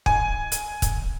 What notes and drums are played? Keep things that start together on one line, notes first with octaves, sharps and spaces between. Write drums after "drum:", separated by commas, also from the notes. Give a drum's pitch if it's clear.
G#5, drum: kick
drum: hi-hat
drum: kick, hi-hat